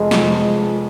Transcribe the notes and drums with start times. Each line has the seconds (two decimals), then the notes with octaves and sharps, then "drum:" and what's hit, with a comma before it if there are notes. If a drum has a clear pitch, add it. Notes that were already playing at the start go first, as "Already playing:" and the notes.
Already playing: F1 F2 F3 G#3
0.11 F1 F2 F3, drum: snare